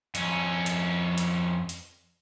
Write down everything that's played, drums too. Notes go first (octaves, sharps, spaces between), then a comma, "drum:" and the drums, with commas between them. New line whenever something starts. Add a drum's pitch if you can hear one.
F2 C#4, drum: hi-hat
drum: hi-hat
drum: hi-hat
drum: hi-hat